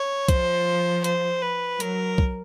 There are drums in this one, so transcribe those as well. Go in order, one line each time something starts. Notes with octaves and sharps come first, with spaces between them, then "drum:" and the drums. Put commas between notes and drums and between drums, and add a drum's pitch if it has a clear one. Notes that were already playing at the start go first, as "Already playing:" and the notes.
Already playing: C#5
F3 C5, drum: kick, hi-hat
C5, drum: hi-hat
B4
F#3 A#4, drum: hi-hat
drum: kick